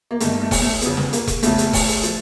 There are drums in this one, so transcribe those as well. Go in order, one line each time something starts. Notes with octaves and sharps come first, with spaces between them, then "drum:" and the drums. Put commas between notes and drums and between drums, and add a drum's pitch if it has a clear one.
A#3
G1 G2 D#3 A3, drum: hi-hat
A3
drum: kick E1, open hi-hat
A3
F1 E2 C#3 F3 B3, drum: hi-hat
drum: snare
A#3, drum: hi-hat
drum: kick E1, hi-hat
F1 E2 C#3 F3 A3, drum: hi-hat
drum: hi-hat
drum: kick E1, open hi-hat
drum: hi-hat
F3, drum: hi-hat